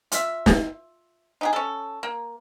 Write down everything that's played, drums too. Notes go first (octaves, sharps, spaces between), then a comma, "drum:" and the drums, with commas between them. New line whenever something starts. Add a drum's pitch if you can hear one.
F4 E5, drum: hi-hat
drum: snare
D#4 G4 G#4
C#4 A4
A#3